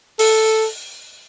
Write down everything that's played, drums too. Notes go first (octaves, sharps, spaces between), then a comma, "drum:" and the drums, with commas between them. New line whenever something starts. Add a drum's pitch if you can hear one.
A4, drum: open hi-hat